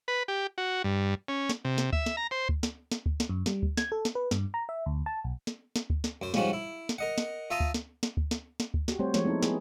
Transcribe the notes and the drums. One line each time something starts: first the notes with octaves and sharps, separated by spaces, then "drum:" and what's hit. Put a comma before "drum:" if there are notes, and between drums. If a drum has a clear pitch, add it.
B4
G4
F#4
G2
C#4
drum: snare
C3
drum: snare
E5, drum: kick D2
drum: snare
A#5
C5
drum: kick D2
drum: snare
drum: snare
drum: kick D2
drum: snare
F#2
G3, drum: snare
drum: kick D2
G#6, drum: snare
A4
drum: snare
B4
G2, drum: snare
A#5
E5
D2
A5
B1
drum: snare
drum: snare
drum: kick D2
drum: snare
F#2 C5
G#2 F3 G3 C#4 F4 F#4, drum: snare
E4
drum: snare
A#4 D#5 F#5
drum: snare
F4 E5 A5 A#5 C6 D#6
drum: kick D2
drum: snare
drum: snare
drum: kick D2
drum: snare
drum: snare
drum: kick D2
F#4 G4, drum: snare
G3 A3 C4 C5 C#5
F3 G#3 A3 E4 C#5, drum: snare
B3 C4 D#4 E4 A4
B3 E4 G#4, drum: snare